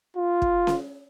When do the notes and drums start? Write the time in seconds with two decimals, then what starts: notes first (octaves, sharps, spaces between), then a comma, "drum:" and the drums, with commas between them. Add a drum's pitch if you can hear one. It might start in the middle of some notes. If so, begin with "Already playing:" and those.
0.16 F4
0.42 drum: kick
0.67 drum: snare C#4